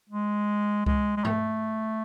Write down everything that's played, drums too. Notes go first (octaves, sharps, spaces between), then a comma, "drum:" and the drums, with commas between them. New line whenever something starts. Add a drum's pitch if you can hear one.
G#3
G#3, drum: kick C#2
G#3
A3, drum: tom G#2